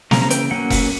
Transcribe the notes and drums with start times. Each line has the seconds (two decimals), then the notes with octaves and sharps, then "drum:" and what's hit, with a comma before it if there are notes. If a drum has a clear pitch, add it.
0.11 C#3 E3 A#3 A#5, drum: snare
0.22 A#5
0.30 G5, drum: hi-hat
0.51 F#3 A#3 C#4 F#5
0.70 drum: kick F1, open hi-hat